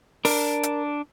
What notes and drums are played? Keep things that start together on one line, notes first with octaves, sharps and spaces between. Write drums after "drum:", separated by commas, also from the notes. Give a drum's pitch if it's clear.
D4 A#4, drum: open hi-hat
drum: hi-hat